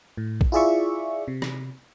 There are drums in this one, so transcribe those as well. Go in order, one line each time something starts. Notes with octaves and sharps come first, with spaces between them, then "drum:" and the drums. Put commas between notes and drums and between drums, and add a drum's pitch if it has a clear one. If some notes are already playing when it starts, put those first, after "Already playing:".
A2
drum: kick
E4 F4 G#4 D5 E5 C#6
C3
drum: rim click